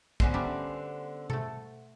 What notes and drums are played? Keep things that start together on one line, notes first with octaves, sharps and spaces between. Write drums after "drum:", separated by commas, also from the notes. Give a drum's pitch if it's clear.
D3 B3 C#4 F#4 C5, drum: kick
G3 D4 E5
A3 A4, drum: tom B2